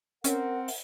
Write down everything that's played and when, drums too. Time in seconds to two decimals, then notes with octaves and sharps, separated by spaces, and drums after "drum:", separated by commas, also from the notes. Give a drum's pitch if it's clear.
0.24 C4 C#4 A#4 F#5, drum: hi-hat
0.68 drum: open hi-hat